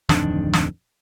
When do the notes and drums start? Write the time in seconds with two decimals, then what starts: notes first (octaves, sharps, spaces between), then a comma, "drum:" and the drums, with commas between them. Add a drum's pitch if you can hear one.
0.09 D1 F2 D#3 D4, drum: snare
0.53 drum: snare